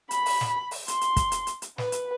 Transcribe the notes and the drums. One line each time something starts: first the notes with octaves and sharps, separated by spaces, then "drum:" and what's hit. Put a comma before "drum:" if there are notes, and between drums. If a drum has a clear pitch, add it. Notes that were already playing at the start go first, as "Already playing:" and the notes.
B5, drum: hi-hat
drum: open hi-hat
drum: snare
drum: open hi-hat
C6, drum: hi-hat
drum: hi-hat
drum: kick, hi-hat
drum: hi-hat
drum: hi-hat
drum: hi-hat
B4, drum: snare
drum: hi-hat